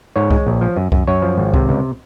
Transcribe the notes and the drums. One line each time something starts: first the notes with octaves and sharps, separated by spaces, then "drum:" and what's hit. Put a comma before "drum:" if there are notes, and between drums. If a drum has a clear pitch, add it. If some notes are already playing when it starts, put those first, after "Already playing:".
G#2 C#5
G#3, drum: kick C2
A#1
F3
F#2
F#2, drum: kick C2
F#2 C#5
F3
G#1
C3, drum: kick C2
C#2